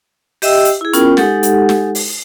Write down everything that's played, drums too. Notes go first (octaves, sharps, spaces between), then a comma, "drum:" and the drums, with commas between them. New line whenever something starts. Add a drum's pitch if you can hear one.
G4 D#5 E5 G5 E6, drum: open hi-hat
drum: hi-hat
E4 G#4
B3 C#4 F4 A#4 G5, drum: hi-hat
G#3 D#4 G4 A4 F#5, drum: snare
drum: hi-hat
drum: snare
drum: open hi-hat